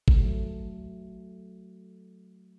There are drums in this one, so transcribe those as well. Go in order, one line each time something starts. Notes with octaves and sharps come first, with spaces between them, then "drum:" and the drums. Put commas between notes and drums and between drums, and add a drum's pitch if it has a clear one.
F#3 A3, drum: kick G#1